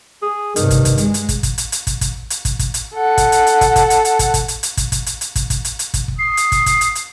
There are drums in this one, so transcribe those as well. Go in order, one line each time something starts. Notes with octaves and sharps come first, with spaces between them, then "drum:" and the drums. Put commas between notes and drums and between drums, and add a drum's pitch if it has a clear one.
G#4
G2 C3 D#3, drum: hi-hat
drum: kick, hi-hat
drum: kick, hi-hat
G#3, drum: hi-hat
drum: hi-hat
drum: kick, hi-hat
drum: kick, hi-hat
drum: hi-hat
drum: hi-hat
drum: kick, hi-hat
drum: kick, hi-hat
drum: hi-hat
drum: kick, hi-hat
drum: kick, hi-hat
drum: hi-hat
A4 F#5
drum: kick, hi-hat
drum: hi-hat
drum: hi-hat
drum: kick, hi-hat
drum: kick, hi-hat
drum: hi-hat
drum: hi-hat
drum: kick, hi-hat
drum: kick, hi-hat
drum: hi-hat
drum: hi-hat
drum: kick, hi-hat
drum: kick, hi-hat
drum: hi-hat
drum: hi-hat
drum: kick, hi-hat
drum: kick, hi-hat
drum: hi-hat
drum: hi-hat
drum: kick, hi-hat
drum: kick
D#6 C7
drum: hi-hat
drum: kick, hi-hat
drum: kick, hi-hat
drum: hi-hat
drum: hi-hat